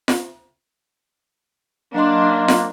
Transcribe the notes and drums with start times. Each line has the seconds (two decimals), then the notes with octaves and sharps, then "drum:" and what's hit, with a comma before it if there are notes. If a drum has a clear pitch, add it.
0.08 drum: snare F4
1.94 F#3 A#3 D4 D#5 C6
2.48 drum: snare F4